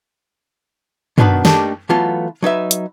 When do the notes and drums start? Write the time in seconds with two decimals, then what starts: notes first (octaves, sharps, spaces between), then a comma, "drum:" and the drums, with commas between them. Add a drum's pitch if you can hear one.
1.18 B2 D#3 B3 D4 F#4 B4, drum: tom
1.45 A3 A#3 D4 D#4 G4 A4, drum: snare
1.89 E3 F#3 A3 B3 F4 A4
2.43 F#3 D#4 B4 E5
2.71 drum: hi-hat